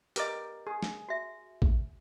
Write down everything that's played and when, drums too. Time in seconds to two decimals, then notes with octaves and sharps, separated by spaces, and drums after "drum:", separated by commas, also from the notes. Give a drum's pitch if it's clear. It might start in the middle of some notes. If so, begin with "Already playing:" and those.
0.16 G4 A#4 B4 D#5 D6, drum: hi-hat
0.67 G#4
0.83 drum: snare
1.09 F#4 E5
1.62 drum: kick A1